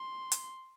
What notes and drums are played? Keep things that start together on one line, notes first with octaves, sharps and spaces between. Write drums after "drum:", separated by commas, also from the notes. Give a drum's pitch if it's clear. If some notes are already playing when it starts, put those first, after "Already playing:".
Already playing: C6
drum: hi-hat